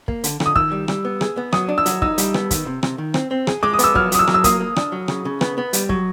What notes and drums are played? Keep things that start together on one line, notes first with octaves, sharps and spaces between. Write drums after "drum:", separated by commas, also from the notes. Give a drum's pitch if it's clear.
A#3, drum: kick
D3, drum: hi-hat
D3, drum: rim click
D#6
D#3 E6, drum: kick
G3
G3, drum: rim click
B3
G#4, drum: rim click
B3
F#3 D#6, drum: rim click
D4
E6
F#3, drum: hi-hat
D#4 E6, drum: kick
G3, drum: hi-hat
B3, drum: rim click
D#3, drum: kick, hi-hat
C3
C3, drum: rim click
D#3
C4, drum: rim click
C4
G#4, drum: rim click
G#3 D6
D#6
B3 E6, drum: hi-hat
F#3 F6, drum: kick
F#3 D#6, drum: hi-hat
E6
F#3, drum: rim click
E6
A#3 D#6, drum: kick, hi-hat
A#3
D4, drum: rim click
F#3
C#3, drum: rim click
C#3
B3, drum: rim click
B3
G3, drum: hi-hat
F#3, drum: kick